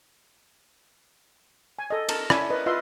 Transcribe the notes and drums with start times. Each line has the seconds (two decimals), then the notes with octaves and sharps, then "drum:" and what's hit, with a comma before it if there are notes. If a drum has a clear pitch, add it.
1.79 G#5
1.90 A4 D#5
2.09 A#4 A5, drum: cymbal
2.30 C#4 E4 D5 G#5 A5 B5, drum: rim click
2.50 A#4 B4 D#5
2.66 F4 B4 D#5 E5 B5 C6